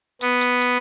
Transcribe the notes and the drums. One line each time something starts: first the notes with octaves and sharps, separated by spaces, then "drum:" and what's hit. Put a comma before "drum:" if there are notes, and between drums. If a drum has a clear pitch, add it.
B3, drum: hi-hat
drum: hi-hat
drum: hi-hat